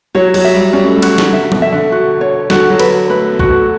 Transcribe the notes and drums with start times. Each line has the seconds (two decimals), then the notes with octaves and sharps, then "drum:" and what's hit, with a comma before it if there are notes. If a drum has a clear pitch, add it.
0.15 F#3 C#5
0.34 F#3, drum: cymbal
0.44 E5
0.54 G3
0.73 G3 C#4
0.84 A3
0.96 G3
1.02 F#4, drum: cymbal
1.18 drum: snare
1.33 D3 E5
1.52 B2, drum: tom F3
1.62 E5
1.72 D3
1.92 F#4
2.21 C#5
2.50 D3 F#4, drum: snare
2.70 F#3
2.79 B4, drum: cymbal
3.10 A3 B4
3.30 B3
3.39 F#4, drum: kick
3.49 A3